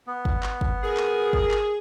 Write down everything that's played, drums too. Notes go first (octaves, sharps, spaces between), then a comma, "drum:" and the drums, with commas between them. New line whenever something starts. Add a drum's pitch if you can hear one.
B3
drum: kick
drum: clap
drum: kick
G#4 A#4
drum: clap
drum: kick
drum: clap